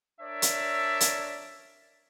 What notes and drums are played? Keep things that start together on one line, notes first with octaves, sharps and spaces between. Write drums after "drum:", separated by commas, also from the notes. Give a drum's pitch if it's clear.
D4 A#4 C#5 D5 E5
drum: hi-hat
drum: hi-hat